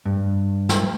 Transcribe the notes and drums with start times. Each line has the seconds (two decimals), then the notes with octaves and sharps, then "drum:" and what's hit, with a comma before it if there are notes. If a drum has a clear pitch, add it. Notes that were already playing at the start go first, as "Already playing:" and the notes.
0.05 G2
0.69 drum: snare